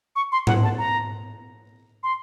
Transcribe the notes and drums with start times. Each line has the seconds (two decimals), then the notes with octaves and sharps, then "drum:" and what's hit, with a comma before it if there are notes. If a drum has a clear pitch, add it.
0.16 C#6
0.32 C6
0.47 F#5, drum: tom G#2
0.63 A5
0.78 A#5
2.03 C6